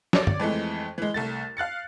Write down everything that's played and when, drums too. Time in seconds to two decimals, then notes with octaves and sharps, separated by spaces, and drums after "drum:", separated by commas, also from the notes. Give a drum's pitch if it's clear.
0.13 C#5 D5, drum: snare
0.27 drum: tom
0.40 F2 E3 G#3 A3
0.98 E3 G#3
1.14 C2 A3 A6
1.57 F5 F#6 A6 C#7